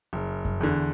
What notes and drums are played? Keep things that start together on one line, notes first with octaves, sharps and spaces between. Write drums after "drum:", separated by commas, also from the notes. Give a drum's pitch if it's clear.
F#1
drum: kick F#2
E2 D3